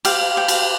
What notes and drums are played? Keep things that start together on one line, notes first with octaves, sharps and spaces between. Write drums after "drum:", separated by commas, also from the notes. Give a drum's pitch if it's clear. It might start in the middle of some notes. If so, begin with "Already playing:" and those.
G4 F5, drum: cymbal
G4
drum: cymbal